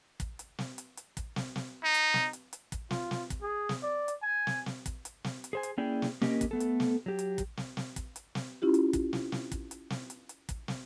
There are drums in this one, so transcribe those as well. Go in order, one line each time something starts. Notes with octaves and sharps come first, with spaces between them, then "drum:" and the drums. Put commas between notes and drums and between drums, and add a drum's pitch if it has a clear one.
drum: kick, hi-hat
drum: hi-hat
drum: snare
drum: hi-hat
drum: hi-hat
drum: kick, hi-hat
drum: snare
drum: snare
D#4
drum: hi-hat
drum: snare
drum: hi-hat
drum: hi-hat
drum: kick, hi-hat
F4, drum: snare
drum: snare
drum: kick, hi-hat
G#4
drum: snare
D5
drum: hi-hat
G#5
drum: snare
drum: snare
drum: kick, hi-hat
drum: hi-hat
drum: snare
drum: hi-hat
G#4 C5 G#5
drum: hi-hat
A#3 C#4 E4 G#4 D5 G5
drum: snare
A#3 C#4 G4 A#4 D#5, drum: snare
drum: kick, hi-hat
A3 B3 A4
drum: hi-hat
drum: snare
F#3 G4
drum: hi-hat
drum: kick, hi-hat
drum: snare
drum: snare
drum: kick, hi-hat
drum: hi-hat
drum: snare
C#4 E4 F4 G4
drum: hi-hat
drum: kick, hi-hat
drum: snare
drum: snare
drum: kick, hi-hat
drum: hi-hat
drum: snare
drum: hi-hat
drum: hi-hat
drum: kick, hi-hat
drum: snare